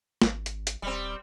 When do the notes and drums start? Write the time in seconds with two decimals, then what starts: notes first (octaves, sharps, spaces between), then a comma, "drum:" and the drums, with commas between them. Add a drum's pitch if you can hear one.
0.22 G#1, drum: snare
0.46 drum: hi-hat
0.67 drum: hi-hat
0.82 D#1 G3 C4